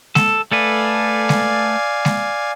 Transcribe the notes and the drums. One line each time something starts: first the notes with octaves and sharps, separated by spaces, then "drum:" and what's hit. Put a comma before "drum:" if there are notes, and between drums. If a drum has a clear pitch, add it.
A4, drum: snare G#3
A3 A4 B4 D5 F5 G#5
drum: snare G#3
drum: snare G#3